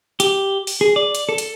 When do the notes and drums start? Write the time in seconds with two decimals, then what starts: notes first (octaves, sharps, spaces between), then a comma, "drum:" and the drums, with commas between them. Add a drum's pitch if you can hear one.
0.20 G4, drum: hi-hat
0.67 drum: open hi-hat
0.81 G#4
0.96 D5
1.15 drum: hi-hat
1.29 A4
1.38 drum: hi-hat